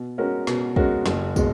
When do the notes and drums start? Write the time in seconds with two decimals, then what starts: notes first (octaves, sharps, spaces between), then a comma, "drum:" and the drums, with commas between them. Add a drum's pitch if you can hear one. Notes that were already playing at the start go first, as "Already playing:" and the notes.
Already playing: B2
0.18 G#3 C#4 F#4 A#4
0.47 B2, drum: snare
0.76 G#3 C#4 F#4 A#4, drum: kick
1.06 F#1, drum: snare
1.36 B2 G#3, drum: kick, tambourine